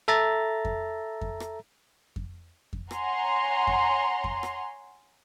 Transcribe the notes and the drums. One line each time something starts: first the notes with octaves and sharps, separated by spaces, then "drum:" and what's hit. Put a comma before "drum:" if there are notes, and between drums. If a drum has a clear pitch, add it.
A4 E5 A#5 A6
drum: kick F2
drum: kick F2
drum: rim click
drum: kick F2
drum: kick F2
C#5 F#5 G#5 A#5 C6, drum: rim click
drum: kick F2
drum: kick F2
drum: rim click